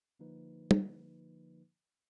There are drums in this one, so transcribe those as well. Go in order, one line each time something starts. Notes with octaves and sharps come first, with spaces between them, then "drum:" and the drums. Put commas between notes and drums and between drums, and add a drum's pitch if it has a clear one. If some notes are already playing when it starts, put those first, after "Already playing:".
D3 F3 A#3 D#4 B4
drum: tom